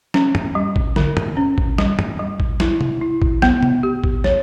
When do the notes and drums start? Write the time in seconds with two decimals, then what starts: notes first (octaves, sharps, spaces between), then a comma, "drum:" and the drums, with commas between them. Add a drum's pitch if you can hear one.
0.14 C#4, drum: snare
0.35 drum: tom
0.55 G3
0.76 drum: kick A1
0.96 D3, drum: snare
1.17 drum: tom
1.37 C#4
1.58 drum: kick A1
1.78 G3, drum: snare
1.99 drum: tom
2.19 G3
2.40 drum: kick A1
2.60 E4, drum: snare
2.81 drum: tom
3.01 E4
3.22 drum: kick A1
3.42 B3, drum: snare
3.63 drum: tom
3.83 G4
4.04 drum: kick A1
4.24 C#5, drum: snare